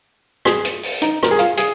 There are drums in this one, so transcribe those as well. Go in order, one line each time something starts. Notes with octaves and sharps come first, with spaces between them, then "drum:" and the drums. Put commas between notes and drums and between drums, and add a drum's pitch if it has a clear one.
G#4, drum: rim click
drum: hi-hat
drum: open hi-hat
D#4, drum: hi-hat
A#4, drum: rim click
G#4
F4, drum: hi-hat
G#4, drum: hi-hat